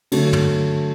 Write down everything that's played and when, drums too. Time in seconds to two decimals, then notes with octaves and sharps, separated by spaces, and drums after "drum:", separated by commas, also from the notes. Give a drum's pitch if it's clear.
0.12 D3 F#3 A3, drum: cymbal
0.33 drum: tom